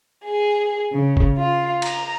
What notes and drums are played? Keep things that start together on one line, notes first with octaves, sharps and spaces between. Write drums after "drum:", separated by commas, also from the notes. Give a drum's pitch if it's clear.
G#4
C#3
drum: kick F#1
F4
A#5, drum: cymbal